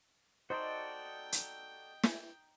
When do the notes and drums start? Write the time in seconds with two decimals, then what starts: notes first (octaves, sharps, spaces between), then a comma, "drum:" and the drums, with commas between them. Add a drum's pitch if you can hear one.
0.50 D#4 F#4 A4 C5 D5 G5
1.32 drum: hi-hat
2.03 drum: snare